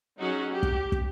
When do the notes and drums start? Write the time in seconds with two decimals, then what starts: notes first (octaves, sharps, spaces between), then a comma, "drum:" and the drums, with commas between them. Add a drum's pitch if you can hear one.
0.19 F#3 C#4 D#4 F#4 G#4 F#5
0.52 G4
0.63 drum: kick
0.92 drum: kick